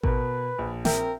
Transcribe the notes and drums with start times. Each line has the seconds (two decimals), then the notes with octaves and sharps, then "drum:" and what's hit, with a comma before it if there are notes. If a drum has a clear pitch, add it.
0.03 B2 A#4 B4, drum: kick A1
0.58 A#1
0.85 C4 A#4 E5 G5, drum: snare